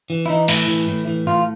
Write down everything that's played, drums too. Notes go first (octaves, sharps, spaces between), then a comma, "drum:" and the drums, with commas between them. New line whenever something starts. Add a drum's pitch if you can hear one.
E3
E4
E3 D#4
A2 E4, drum: open hi-hat
E3
A2
E3
A2 F4